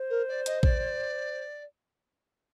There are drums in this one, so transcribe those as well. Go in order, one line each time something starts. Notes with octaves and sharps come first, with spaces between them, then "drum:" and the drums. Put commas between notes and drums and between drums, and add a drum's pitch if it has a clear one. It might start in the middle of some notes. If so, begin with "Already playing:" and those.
Already playing: C5
A#4
D5
D#5, drum: hi-hat
D5, drum: kick A1